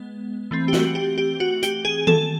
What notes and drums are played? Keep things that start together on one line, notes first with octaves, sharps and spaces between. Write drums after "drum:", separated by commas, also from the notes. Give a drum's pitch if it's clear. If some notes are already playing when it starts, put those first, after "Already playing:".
Already playing: G#3 B3
E3 A3 C4
G4
F#4, drum: snare
G4
G4
F#4
G4, drum: hi-hat
G#4
A4, drum: tom D#3